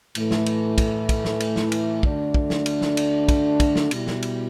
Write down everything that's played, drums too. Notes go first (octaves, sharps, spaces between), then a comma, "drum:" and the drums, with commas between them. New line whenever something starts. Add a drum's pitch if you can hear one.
A2 E3 A3, drum: cymbal
drum: snare
drum: cymbal
drum: kick, cymbal
drum: kick, cymbal
drum: snare
drum: cymbal
drum: snare
drum: cymbal
D2 D3 A3 D4, drum: kick
drum: kick
drum: snare
drum: cymbal
drum: snare
drum: cymbal
drum: kick, cymbal
drum: kick, cymbal
drum: snare
B2 G3 E4, drum: cymbal
drum: snare
drum: cymbal